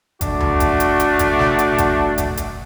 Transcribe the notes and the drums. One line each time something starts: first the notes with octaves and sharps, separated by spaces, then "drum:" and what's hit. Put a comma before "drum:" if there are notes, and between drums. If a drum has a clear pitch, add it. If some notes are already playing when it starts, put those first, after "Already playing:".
A3 D4 F#4, drum: kick, hi-hat
drum: tom D2
drum: kick, hi-hat
drum: hi-hat
drum: hi-hat
drum: kick, hi-hat
drum: snare
drum: hi-hat
drum: kick, hi-hat
drum: kick, hi-hat
drum: hi-hat